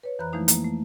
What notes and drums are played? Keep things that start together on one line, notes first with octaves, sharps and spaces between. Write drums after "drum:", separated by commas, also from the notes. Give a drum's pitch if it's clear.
B4 C#5
F2 E3 C5 A#5 B5 F#6
E3 F3 G#3 A3 D#4 E4
A#3, drum: hi-hat
A3